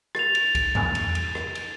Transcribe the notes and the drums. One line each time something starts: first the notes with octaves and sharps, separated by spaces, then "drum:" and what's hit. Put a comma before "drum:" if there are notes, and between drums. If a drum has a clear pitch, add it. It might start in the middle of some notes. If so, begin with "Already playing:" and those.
A6 F7, drum: rim click
drum: cymbal
drum: kick, cymbal
drum: tom E2
drum: cymbal
drum: cymbal
drum: rim click
drum: cymbal